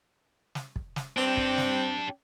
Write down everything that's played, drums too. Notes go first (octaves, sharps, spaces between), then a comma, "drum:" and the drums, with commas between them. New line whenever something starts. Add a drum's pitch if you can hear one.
drum: snare
drum: kick
drum: snare
C4 D4 G4
drum: kick
drum: snare